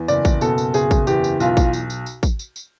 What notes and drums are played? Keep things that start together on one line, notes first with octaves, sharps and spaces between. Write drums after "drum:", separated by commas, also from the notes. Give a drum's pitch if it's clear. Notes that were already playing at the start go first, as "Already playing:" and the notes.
Already playing: E2
F#1 D5, drum: tambourine
drum: kick, tambourine
B2 A4, drum: tambourine
drum: tambourine
F#1 G#4, drum: tambourine
drum: kick, tambourine
E2 G4, drum: tambourine
drum: tambourine
B1 F4, drum: tambourine
drum: kick, tambourine
drum: tambourine
drum: tambourine
drum: tambourine
drum: kick, tambourine
drum: tambourine
drum: tambourine